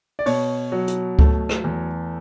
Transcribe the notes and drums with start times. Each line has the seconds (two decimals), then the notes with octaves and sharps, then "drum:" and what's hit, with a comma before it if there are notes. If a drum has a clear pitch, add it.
0.19 D5
0.26 B2 C#5, drum: open hi-hat
0.72 F#3
0.88 drum: hi-hat
1.19 A3, drum: kick C#2
1.49 drum: rim click
1.64 E2